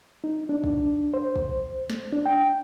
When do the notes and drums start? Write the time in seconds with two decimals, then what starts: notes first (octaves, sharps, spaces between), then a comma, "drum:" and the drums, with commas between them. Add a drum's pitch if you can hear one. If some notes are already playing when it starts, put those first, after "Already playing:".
0.24 D#4
0.49 D4
0.64 drum: kick
1.14 C5
1.36 drum: kick
1.90 drum: snare
2.13 D4
2.26 G5